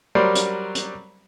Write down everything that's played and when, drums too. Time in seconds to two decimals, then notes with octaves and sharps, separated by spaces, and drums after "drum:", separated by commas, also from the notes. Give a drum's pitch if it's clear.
0.15 F#3 G3 A#4 C5 D5
0.35 drum: hi-hat
0.75 drum: hi-hat